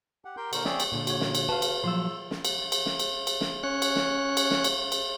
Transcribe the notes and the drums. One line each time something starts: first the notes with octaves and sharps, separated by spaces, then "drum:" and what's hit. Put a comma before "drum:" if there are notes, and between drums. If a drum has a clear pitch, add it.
G4 F#5
G4 A#4 G5 C6 G6
A#2 D3 A#4 C5 C#6, drum: cymbal
C4 G#4 C#5 D5 E5 G5, drum: snare
drum: cymbal
A#2 D3
F#4 C#5, drum: cymbal
drum: snare
drum: cymbal
F#4 B4 F5 A5
drum: cymbal
A#2 F3 F#3 C6 E6
drum: snare
drum: cymbal
drum: cymbal
drum: snare
drum: cymbal
drum: cymbal
drum: snare
C#4 C#5 F#6
drum: cymbal
drum: snare
drum: cymbal
drum: snare
drum: cymbal
drum: cymbal